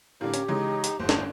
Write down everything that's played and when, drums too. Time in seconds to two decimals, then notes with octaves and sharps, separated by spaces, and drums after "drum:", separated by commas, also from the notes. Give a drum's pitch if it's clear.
0.21 A2 D3 G4 A#4 F5
0.34 C#4, drum: hi-hat
0.48 C#3 E3 G#3 D#4
0.84 drum: hi-hat
1.00 G1 D#2 A2 C5
1.09 drum: snare